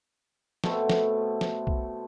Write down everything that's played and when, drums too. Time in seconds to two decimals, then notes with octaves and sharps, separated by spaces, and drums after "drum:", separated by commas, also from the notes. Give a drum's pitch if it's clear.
0.64 B2 A3 B3 C4, drum: snare
0.89 drum: snare
1.41 drum: snare
1.67 drum: kick B1